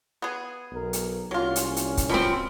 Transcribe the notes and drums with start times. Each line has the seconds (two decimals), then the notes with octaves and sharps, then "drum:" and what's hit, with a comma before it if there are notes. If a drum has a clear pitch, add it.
0.22 B3 G#4
0.72 B1 A#4
0.93 drum: hi-hat
1.31 C2 A#2 F#3 C#4 F4
1.56 drum: hi-hat
1.76 drum: hi-hat
1.97 drum: kick C#1, hi-hat
2.10 B2 F3 C4 B5